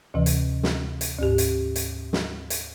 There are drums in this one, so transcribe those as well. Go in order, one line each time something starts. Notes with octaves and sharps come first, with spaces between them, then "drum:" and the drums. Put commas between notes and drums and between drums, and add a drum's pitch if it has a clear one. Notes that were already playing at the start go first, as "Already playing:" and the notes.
D2 C3 E3
drum: hi-hat
drum: snare
drum: hi-hat
D2 G#2 G4
drum: hi-hat
drum: hi-hat
drum: snare
drum: hi-hat